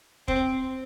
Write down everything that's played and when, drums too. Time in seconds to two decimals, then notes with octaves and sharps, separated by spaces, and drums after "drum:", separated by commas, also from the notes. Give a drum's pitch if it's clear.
0.28 C4, drum: kick